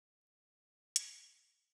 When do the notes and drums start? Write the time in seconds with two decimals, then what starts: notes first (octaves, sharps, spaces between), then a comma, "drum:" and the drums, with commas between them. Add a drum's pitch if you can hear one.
0.13 B5 E6 G7
0.96 drum: hi-hat